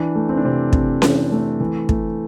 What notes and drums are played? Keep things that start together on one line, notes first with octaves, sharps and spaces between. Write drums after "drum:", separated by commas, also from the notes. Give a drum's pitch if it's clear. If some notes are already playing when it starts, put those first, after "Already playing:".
Already playing: E3 D4
A3
C4
D4
C3 C4
C3, drum: kick
E3, drum: snare C#4
A3
E3
A3, drum: kick